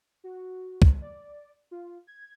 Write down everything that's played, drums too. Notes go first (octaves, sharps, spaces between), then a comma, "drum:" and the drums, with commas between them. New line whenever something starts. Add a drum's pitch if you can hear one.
F#4
drum: kick
D5
F4
G#6